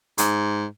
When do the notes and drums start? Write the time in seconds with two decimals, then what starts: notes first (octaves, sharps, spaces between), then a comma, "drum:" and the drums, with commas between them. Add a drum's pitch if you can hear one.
0.18 G#2, drum: hi-hat